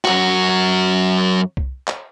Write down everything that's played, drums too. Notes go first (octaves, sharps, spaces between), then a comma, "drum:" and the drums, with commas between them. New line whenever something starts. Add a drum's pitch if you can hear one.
F#2 F#4, drum: clap
drum: kick C2
drum: clap